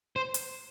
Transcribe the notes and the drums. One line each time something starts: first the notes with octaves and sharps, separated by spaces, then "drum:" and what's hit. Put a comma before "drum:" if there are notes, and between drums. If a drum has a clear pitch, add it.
C5
drum: hi-hat